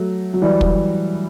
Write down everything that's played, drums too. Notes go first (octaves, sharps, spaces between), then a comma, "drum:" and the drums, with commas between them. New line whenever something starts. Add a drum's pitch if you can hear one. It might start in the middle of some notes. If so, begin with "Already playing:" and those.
Already playing: F#3 A3
F#3
E3 G3
drum: kick